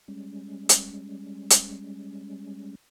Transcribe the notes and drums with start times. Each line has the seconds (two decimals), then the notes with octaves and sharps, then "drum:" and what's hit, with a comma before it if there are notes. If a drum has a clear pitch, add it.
0.08 G3 G#3 C#4
0.69 drum: hi-hat
1.50 drum: hi-hat